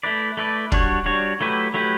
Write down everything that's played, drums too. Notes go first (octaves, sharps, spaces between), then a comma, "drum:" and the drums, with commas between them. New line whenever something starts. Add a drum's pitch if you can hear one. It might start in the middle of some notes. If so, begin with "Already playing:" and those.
A3 E4 B4 D5
A3 E4 B4 D5
G3 D4 F#4 C#5, drum: kick
G3 D4 F#4 C#5
F#3 A3 E4 G4 B4
F#3 A3 E4 G4 B4